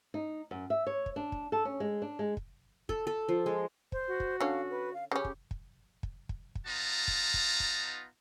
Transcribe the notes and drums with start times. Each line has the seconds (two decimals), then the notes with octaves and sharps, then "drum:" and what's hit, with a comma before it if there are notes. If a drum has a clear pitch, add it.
0.14 D#4
0.51 F#2
0.70 E5
0.87 C#5
1.06 drum: kick
1.16 D4
1.32 drum: kick
1.52 A4
1.65 C#4
1.80 G#3
2.02 D4
2.19 G#3
2.37 drum: kick
2.89 A4, drum: kick
3.07 A4
3.28 F3
3.46 G#3
3.92 C5, drum: kick
4.08 F#4
4.20 drum: kick
4.41 D3 C#4 F5
4.70 B4
4.94 F5
5.12 C#3 C#4 G4
5.25 drum: kick
5.51 drum: kick
6.03 drum: kick
6.29 drum: kick
6.55 drum: kick
6.66 B3 D#4 F4 A5 A#5
7.08 drum: kick
7.34 drum: kick
7.60 drum: kick